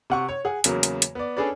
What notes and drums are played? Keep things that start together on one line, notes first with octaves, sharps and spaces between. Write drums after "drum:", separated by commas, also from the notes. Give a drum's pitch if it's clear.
C3 F#5 C#6
C#5
G#4 F#5
E2 C#3 F#3 A#3, drum: hi-hat
drum: hi-hat
drum: hi-hat
B3 D5
C#4 D4 G#4 A4 B4 D5